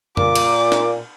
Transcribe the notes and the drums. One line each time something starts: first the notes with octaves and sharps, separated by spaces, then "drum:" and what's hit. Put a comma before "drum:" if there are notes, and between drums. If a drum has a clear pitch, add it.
A#2 D6, drum: tom
drum: cymbal
drum: snare